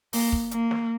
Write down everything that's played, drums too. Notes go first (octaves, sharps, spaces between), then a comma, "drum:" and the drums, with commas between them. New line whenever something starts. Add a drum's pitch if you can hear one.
A#3, drum: open hi-hat
drum: kick
A#3, drum: hi-hat
drum: snare